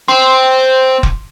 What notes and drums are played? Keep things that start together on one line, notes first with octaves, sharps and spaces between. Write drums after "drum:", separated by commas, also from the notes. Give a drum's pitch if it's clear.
C4 C6
drum: kick F1